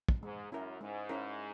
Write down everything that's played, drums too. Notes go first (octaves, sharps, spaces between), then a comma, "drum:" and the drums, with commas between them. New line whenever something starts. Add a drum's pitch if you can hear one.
drum: kick
G#2 G#3
F#2 C#4 E4 A#4
G#2 G#3
C#4 E4 A#4